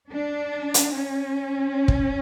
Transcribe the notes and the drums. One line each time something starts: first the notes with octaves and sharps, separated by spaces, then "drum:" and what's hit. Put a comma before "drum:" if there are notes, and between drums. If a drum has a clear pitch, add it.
D4
drum: hi-hat
C#4
drum: kick